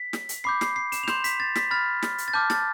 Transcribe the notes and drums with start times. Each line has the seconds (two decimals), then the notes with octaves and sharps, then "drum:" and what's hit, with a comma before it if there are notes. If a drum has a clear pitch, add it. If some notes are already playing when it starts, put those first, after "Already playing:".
Already playing: B6
0.13 drum: snare
0.29 drum: hi-hat
0.44 B5 D6 G6 C7
0.61 C7, drum: snare
0.76 C7
0.92 E7, drum: hi-hat
1.03 F7
1.08 C6 G6 E7, drum: snare
1.24 B6, drum: hi-hat
1.40 A6
1.56 B6, drum: snare
1.71 B5 F6 A6
2.02 drum: snare
2.18 drum: hi-hat
2.28 A6
2.33 A5 D6 F6 G6
2.50 A6, drum: snare